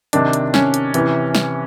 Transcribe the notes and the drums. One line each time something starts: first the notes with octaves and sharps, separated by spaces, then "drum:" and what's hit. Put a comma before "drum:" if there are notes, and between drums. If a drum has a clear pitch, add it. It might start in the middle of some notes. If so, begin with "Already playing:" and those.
C3 D#3 D4, drum: hi-hat
drum: hi-hat
C#4, drum: snare
drum: hi-hat
C3 E3, drum: hi-hat
drum: snare